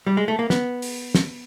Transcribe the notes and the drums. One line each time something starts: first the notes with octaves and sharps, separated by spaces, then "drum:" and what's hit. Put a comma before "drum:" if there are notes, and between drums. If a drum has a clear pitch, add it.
G3
G#3
A3
A#3
B3, drum: snare
drum: open hi-hat
drum: snare